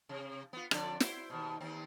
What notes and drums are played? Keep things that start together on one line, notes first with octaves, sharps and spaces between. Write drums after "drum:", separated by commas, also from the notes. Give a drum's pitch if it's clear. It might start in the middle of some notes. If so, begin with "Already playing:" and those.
C3
B3 F4
F2 D3 D5, drum: rim click
E4 C5, drum: snare
D#2 B2
D#2 C4